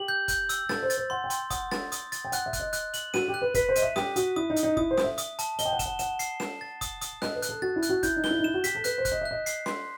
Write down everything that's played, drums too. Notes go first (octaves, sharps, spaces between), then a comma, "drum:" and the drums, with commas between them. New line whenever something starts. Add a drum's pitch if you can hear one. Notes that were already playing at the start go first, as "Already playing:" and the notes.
Already playing: G4 F#7
G6
G6, drum: kick, hi-hat
E6, drum: hi-hat
A4 A6, drum: snare
C5
A6, drum: hi-hat
C5
F#5 C6
G5
C6, drum: hi-hat
F#5 D#6, drum: kick, hi-hat
A6, drum: snare
D#6, drum: hi-hat
A6, drum: hi-hat
G5
F#5 F#6, drum: hi-hat
E5
F#6, drum: kick, hi-hat
D#5
F#6, drum: hi-hat
F#7, drum: hi-hat
F#4 D#7, drum: snare
G4
F#6
B4
B4 B6, drum: kick, hi-hat
C5
D#5 D#7, drum: hi-hat
E5
G4 D#6, drum: snare
F#4 D#6, drum: hi-hat
E4 D#6
D#4
D#6, drum: hi-hat
D#4
E4 D#6, drum: kick
C5
D#6, drum: snare
E5
D#6, drum: hi-hat
A5, drum: hi-hat
D#5 G7, drum: hi-hat
G5
F#5
E7, drum: kick, hi-hat
F#5
F#5 E7, drum: hi-hat
C7, drum: hi-hat
E7, drum: snare
A6
D#6, drum: kick, hi-hat
D#6, drum: hi-hat
D#5 F#6, drum: snare
B4
F#6, drum: hi-hat
A4
F#4 A6
E4
F#6, drum: hi-hat
F#4
E4 G6, drum: kick, hi-hat
D#4
G7, drum: snare
E4
D#4
E4 E7
F#4
G4 B6, drum: hi-hat
A4
B4 F#6, drum: hi-hat
C5
F#6, drum: kick, hi-hat
D#5
E5 F#6
D#5
C7, drum: hi-hat
C6, drum: snare